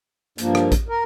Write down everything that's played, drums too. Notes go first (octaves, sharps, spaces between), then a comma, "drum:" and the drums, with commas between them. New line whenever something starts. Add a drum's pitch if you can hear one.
G2 F3 A#3, drum: hi-hat
drum: rim click
drum: kick A1, hi-hat
A#4